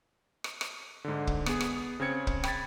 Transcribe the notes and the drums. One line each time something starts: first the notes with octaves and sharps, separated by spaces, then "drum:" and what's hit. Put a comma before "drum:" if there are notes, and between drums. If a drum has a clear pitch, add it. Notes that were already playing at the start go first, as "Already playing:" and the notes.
drum: rim click
drum: rim click
G#2 D3
drum: kick
B3 G#4, drum: rim click
drum: rim click
C#3 C4 G#6 C#7
drum: kick
G5 B5 G#6 A6, drum: rim click